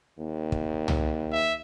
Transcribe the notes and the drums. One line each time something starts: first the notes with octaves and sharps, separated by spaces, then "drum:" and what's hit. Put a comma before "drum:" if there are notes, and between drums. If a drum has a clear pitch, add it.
D#2
drum: kick
drum: tom
E5